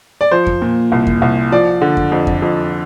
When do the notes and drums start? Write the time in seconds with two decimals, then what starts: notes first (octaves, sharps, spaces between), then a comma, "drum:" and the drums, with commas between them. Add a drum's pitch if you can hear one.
0.21 D5
0.31 F3 C5
0.47 drum: kick F2
0.62 A#2
0.92 C2
1.07 drum: kick F2
1.22 C2
1.52 F3 D5
1.81 D3
1.97 drum: kick F2
2.12 F2
2.27 drum: kick F2
2.42 F2